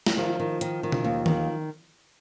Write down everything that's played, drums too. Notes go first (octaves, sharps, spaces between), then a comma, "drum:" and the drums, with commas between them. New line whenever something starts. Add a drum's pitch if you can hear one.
drum: snare
D#3 F3
D#3
D#3, drum: hi-hat
D#3
drum: tom B2
D#2
D#3, drum: tom D#3